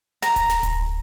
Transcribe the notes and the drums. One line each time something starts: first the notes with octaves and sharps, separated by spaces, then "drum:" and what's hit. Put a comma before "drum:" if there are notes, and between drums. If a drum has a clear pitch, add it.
A#5, drum: snare
drum: kick D1, hi-hat
drum: snare
drum: kick D1, hi-hat